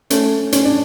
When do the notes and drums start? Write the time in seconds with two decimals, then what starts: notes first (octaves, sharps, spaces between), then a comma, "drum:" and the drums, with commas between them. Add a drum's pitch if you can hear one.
0.10 A3 C#4, drum: hi-hat
0.52 C#4, drum: hi-hat
0.64 D4